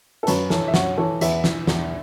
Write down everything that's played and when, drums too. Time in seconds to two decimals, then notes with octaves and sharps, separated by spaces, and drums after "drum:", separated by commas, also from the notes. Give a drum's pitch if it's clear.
0.23 A4
0.27 F#2 F#4 B4, drum: hi-hat
0.50 E3 A4 C#5, drum: snare
0.68 E5
0.74 F#2 C#5 F#5, drum: snare
0.98 E3 A4 C#5
1.21 E2 B4 E5, drum: hi-hat
1.44 E3, drum: snare
1.67 E2, drum: snare